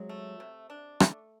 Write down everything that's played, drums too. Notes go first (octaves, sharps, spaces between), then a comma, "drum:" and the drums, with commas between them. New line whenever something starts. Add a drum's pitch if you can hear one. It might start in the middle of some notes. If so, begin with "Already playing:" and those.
Already playing: C3 F#3 G#3
A3
C3
D4
A3, drum: rim click